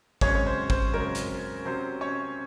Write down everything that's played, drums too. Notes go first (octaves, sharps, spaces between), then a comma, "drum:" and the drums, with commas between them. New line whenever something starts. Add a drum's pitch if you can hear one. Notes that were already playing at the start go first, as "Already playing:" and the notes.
F#2 C#3 G#3 C4 C#4 C#5, drum: kick
C#5
C5
C5, drum: kick
F#2 C#3 G#3 C4 A#4
drum: hi-hat
C3 F#3 C#4 C5
C#4 C#5